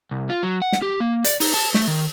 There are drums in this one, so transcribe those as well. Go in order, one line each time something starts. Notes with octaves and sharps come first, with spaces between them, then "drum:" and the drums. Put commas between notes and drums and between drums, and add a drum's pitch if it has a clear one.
C2
F4
F#3
F#5
drum: snare
G4
A#3
D5, drum: hi-hat
D#4, drum: open hi-hat
A5
A3, drum: snare
D#3